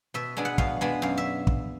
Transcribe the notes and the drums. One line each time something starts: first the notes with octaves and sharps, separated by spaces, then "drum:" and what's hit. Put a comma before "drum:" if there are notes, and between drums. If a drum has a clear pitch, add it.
B2 E5
G#3 B3 D4
F#5
B2 F5, drum: kick
G#3 B3 D4
F#2 F5
E5
drum: kick